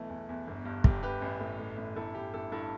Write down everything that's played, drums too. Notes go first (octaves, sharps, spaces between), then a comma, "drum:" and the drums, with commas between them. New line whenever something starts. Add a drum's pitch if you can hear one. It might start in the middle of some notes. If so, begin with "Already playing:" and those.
Already playing: B1 E3 A3 E4
E2
E2
G1
G2
G1 G4, drum: kick
G1 G4 B4
A1
A2
A2
A1
G1 E4 A4
G1 G4
G1 E4 A4
G2 E4 A4